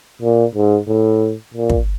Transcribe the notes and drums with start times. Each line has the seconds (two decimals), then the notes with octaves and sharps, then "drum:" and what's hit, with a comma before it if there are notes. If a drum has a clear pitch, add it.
0.22 A#2
0.55 G#2
0.88 A2
1.54 A#2
1.70 drum: kick